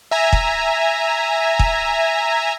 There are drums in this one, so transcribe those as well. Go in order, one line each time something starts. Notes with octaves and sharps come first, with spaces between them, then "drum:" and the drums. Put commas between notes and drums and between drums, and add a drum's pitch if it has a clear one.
E5 G#5 A#5
drum: kick
drum: kick